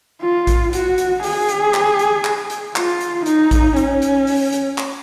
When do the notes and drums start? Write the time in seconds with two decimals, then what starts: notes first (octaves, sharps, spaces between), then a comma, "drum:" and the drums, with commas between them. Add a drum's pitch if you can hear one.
0.21 F4
0.47 drum: kick A#1, hi-hat
0.73 F#4, drum: hi-hat
0.98 drum: hi-hat
1.23 G#4, drum: open hi-hat
1.49 drum: hi-hat
1.74 drum: clap
1.99 drum: hi-hat
2.25 drum: clap
2.50 drum: hi-hat
2.76 F4, drum: clap
3.01 drum: hi-hat
3.26 D#4, drum: hi-hat
3.51 drum: kick A#1, hi-hat
3.76 C#4, drum: hi-hat
4.02 drum: hi-hat
4.27 drum: open hi-hat
4.53 drum: hi-hat
4.78 drum: clap